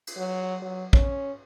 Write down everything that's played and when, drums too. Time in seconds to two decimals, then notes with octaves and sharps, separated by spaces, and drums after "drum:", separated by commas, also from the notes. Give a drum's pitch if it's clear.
0.07 drum: cymbal
0.17 F#3
0.62 F#3
0.93 C#4, drum: kick